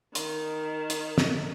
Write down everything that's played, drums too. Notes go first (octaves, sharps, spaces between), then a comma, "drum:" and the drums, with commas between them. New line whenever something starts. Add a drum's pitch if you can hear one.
D#3, drum: hi-hat
drum: hi-hat
drum: snare